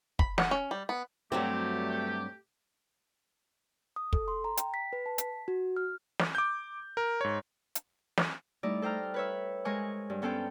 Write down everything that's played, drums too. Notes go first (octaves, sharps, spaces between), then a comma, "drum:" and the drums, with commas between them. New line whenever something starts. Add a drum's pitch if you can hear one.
B5, drum: kick
F#5, drum: snare
C#4
G3
B3
G2 F#3 A3 C4 G4
D#6
A4, drum: kick
C6
A#5
G5, drum: hi-hat
B6
B4
A5
B6, drum: hi-hat
F#4
F6
drum: snare
D6 G6
A#4
G#2 C#5
drum: hi-hat
drum: snare
G3 A3 D#4 E4 D5
A4 C5 G5 A#5 F6
B4 C#5 E5
G#3 A#4 C5 G#5 C#6
G2
B3 C#4 A4 C5 G5